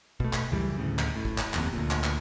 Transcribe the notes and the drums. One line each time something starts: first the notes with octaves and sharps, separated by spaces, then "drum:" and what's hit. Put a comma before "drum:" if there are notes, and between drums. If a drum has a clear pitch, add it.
B2 A3, drum: kick
drum: clap
C#2 F#2 E3 G3
D2 A2 C#3
drum: clap
A2
drum: kick
drum: clap
F1 D#2 C3, drum: clap
D2 A#2
drum: clap
drum: clap